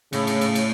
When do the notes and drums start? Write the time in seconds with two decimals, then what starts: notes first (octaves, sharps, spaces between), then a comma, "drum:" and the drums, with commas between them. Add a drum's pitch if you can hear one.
0.13 A2 C#3, drum: cymbal
0.27 drum: cymbal
0.41 drum: cymbal
0.55 drum: cymbal